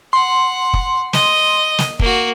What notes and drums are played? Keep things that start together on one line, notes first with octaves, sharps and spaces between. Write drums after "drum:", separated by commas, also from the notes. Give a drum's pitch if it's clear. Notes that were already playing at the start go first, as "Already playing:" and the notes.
F#5 C6
drum: kick
D#5, drum: snare
drum: snare
A#3 F#4, drum: kick